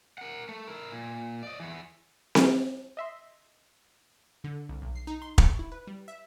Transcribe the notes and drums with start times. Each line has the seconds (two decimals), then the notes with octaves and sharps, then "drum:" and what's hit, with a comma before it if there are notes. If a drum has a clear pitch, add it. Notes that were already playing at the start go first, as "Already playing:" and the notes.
0.18 A#4 F#5
0.49 A3
0.68 E4 A#4
0.92 A#2
1.43 D5 D#5
1.60 E3 B3
2.35 drum: snare C4
2.97 D#5 E5 C6
4.44 D3
4.69 C2
4.82 B1
4.96 C7
5.07 D#4
5.22 C6
5.38 C#6, drum: kick
5.59 E4
5.72 B4
5.87 G3
6.08 E5